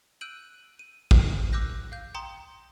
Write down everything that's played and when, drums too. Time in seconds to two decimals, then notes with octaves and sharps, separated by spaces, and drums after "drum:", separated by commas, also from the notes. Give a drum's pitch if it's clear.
0.21 E6 F#6 G6 D7 D#7 F#7
0.79 D#7
1.11 drum: kick
1.53 D6 E6 F#6 G6 A#6
1.92 F5 G6
2.14 G5 A#5 C6 D#6